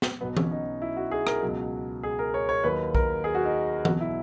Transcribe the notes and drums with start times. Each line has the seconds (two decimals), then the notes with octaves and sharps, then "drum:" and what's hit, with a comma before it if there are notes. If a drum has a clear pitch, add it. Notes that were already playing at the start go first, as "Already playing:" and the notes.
0.02 drum: snare
0.21 B1 B2 F#3 B3
0.37 C#4, drum: tom E3
0.51 D#4
0.82 E4
0.96 F#4
1.11 G#4
1.27 A#4, drum: rim click
1.42 C#2 B2 F#3
2.03 G#4
2.19 A#4
2.34 C#5
2.49 C#5
2.64 D#2 D#3 F#3 B4
2.95 A#4, drum: kick B1
3.24 G#4
3.35 F#4
3.45 D#4
3.85 B1 B2 F#3 F#4, drum: tom E3
4.01 E4